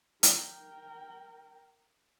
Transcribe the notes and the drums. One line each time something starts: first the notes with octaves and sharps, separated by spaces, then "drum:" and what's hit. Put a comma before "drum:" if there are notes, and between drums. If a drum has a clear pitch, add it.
A#4 G5, drum: hi-hat